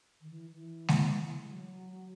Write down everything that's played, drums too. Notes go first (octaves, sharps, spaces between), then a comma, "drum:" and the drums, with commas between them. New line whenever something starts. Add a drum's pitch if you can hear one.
D#3
E3
E3
drum: snare G#3
G#3
F#3